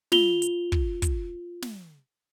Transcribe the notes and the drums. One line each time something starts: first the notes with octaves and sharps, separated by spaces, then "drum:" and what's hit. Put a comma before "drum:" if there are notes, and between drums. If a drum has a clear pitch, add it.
F4 F7 G7, drum: snare
drum: hi-hat
drum: kick
drum: kick, hi-hat
drum: snare